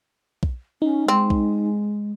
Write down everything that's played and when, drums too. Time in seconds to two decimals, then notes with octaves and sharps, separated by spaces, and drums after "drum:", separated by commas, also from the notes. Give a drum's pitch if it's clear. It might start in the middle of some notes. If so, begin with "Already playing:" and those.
0.43 drum: kick B1
0.82 C#4 D#4
1.08 G#3 C4
1.30 drum: kick B1